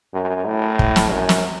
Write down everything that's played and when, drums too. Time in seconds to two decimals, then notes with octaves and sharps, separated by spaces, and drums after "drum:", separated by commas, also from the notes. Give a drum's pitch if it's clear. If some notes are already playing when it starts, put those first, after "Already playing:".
0.13 F#2
0.46 A2
0.79 drum: kick
0.96 drum: snare
1.12 F#2
1.29 drum: snare